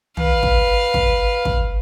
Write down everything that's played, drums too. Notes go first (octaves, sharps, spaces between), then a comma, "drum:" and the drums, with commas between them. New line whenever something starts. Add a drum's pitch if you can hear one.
B4 F5, drum: tom
drum: kick
drum: kick
drum: kick